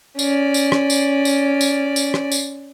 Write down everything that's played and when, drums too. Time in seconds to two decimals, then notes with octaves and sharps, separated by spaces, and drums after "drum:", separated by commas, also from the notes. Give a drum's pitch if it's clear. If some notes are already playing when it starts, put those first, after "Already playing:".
0.19 C#4 D5, drum: tambourine
0.54 drum: tambourine
0.72 drum: rim click
0.90 drum: tambourine
1.25 drum: tambourine
1.61 drum: tambourine
1.96 drum: tambourine
2.14 drum: rim click
2.32 drum: tambourine